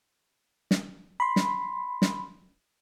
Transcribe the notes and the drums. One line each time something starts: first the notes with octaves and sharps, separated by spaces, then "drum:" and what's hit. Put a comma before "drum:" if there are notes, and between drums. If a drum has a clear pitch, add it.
drum: snare
B5 C6
drum: snare
drum: snare